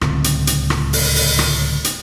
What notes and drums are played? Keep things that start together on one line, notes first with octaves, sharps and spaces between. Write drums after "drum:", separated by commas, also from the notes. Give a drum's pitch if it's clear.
D1 C#2 D3 C4, drum: rim click
drum: hi-hat
drum: hi-hat
drum: rim click
drum: open hi-hat
drum: open hi-hat
drum: rim click
drum: hi-hat